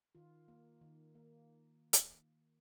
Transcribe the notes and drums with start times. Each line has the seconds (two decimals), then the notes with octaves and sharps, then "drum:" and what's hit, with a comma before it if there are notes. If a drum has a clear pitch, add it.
0.15 D#3 F4
0.48 A#3
0.81 D#3
1.15 A#3
1.93 drum: hi-hat